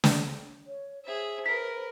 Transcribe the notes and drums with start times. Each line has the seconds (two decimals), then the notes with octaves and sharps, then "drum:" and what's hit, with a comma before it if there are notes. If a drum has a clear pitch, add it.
0.04 drum: snare
0.66 C#5
1.05 G#4 C5 E5
1.46 A#4 B4 B6